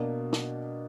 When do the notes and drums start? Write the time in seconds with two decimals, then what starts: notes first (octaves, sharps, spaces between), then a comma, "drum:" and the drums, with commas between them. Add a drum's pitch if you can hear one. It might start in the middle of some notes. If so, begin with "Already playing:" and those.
Already playing: B2 A#3 D4
0.33 drum: snare